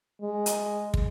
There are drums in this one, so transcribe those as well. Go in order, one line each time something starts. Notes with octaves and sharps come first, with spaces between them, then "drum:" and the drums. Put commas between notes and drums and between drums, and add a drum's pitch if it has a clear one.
G#3
drum: hi-hat
drum: kick